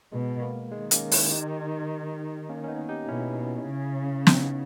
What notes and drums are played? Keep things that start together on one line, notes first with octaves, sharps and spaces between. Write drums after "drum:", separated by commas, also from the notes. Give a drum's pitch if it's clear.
B2 G#3
A#3
D#3 G#3
A#3 C#4, drum: hi-hat
C#4 E4, drum: open hi-hat
D#4 G4
A#3 C#4
C#4
B3 D#4
D#4 G4
B2 C#4 E4
C#3
B3 D#4, drum: snare